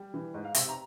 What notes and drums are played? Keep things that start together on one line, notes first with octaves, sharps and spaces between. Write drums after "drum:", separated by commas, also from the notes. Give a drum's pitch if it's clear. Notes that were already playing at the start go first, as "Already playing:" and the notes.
Already playing: G3
E3
G#2
F5
C3 E5, drum: hi-hat
A#5